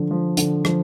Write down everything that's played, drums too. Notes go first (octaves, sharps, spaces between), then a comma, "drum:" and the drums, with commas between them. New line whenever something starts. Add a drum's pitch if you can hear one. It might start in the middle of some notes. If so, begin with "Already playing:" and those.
Already playing: D3 F3
F3
D3, drum: hi-hat
F3, drum: rim click